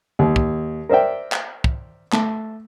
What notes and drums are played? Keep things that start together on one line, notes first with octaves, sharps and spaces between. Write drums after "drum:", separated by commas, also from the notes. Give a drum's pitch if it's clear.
D#2
drum: kick
A#4 C5 D5 E5 G5
drum: clap
drum: kick
A3, drum: clap